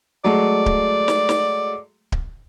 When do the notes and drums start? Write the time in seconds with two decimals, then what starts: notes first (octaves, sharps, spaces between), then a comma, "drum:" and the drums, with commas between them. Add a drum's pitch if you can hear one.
0.24 F#3 G#3 A3 D5
0.66 drum: kick D1
1.08 drum: snare
1.29 drum: snare
2.12 drum: kick D1